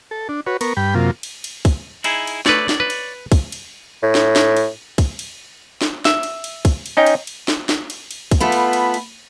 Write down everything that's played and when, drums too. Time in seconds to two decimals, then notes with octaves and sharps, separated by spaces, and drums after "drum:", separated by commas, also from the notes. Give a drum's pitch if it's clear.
0.11 A4
0.29 D4
0.46 F#4 B4 C#5
0.61 B3 A#4 C#6, drum: cymbal
0.77 G2 G5 B5
0.95 F#2 C3 A#3 F4
1.23 drum: cymbal
1.44 drum: cymbal
1.65 drum: kick, cymbal
2.04 D#4 E4 G#4, drum: cymbal
2.27 drum: cymbal
2.46 A3 B4 C#5 D5, drum: snare
2.69 drum: snare
2.80 B4
2.90 drum: cymbal
3.32 drum: kick, cymbal
3.52 drum: cymbal
4.03 A2
4.15 drum: snare
4.36 drum: snare
4.57 drum: cymbal
4.98 drum: kick, cymbal
5.19 drum: cymbal
5.82 drum: snare
6.05 E5, drum: snare
6.23 drum: cymbal
6.44 drum: cymbal
6.65 drum: kick, cymbal
6.86 drum: cymbal
6.97 C#4 D#4 D#5 G5
7.06 drum: cymbal
7.27 drum: cymbal
7.48 drum: snare
7.69 drum: snare
7.90 drum: cymbal
8.11 drum: cymbal
8.31 drum: kick, cymbal
8.40 A3 B3 F4 A4 B5
8.52 drum: cymbal
8.73 drum: cymbal
8.94 drum: cymbal